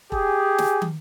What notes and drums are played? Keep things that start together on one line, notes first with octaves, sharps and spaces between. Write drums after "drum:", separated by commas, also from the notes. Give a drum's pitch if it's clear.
G4 G#4, drum: kick E1
drum: snare
drum: tom